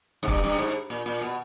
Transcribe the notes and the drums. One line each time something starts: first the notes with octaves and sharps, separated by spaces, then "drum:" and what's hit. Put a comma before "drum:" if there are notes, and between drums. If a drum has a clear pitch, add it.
G#2
G2, drum: kick
G2
G#2
A#2
A#2
B2